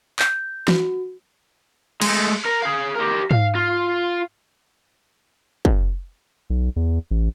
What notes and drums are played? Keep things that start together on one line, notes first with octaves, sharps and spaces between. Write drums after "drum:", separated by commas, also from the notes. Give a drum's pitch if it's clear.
G6, drum: clap
F#4, drum: snare E3
G#3 A3, drum: cymbal
A#4
G#4 F5
G4 A#4
F5, drum: tom G#2
F4
drum: kick
B1
E2
A1